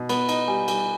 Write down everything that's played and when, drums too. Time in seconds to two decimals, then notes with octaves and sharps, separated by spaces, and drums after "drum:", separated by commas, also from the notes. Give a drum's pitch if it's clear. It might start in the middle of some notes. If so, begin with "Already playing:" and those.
Already playing: B2
0.09 B3 B5, drum: cymbal
0.29 D#4, drum: cymbal
0.48 G3 G#5
0.68 G3 G#5, drum: cymbal